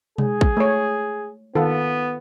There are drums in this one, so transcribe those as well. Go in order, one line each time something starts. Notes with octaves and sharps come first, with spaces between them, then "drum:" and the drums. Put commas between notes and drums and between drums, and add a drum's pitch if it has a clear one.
G#3 G#4, drum: tom B2
drum: kick
A3 C#5
D#3 B3 F4 A4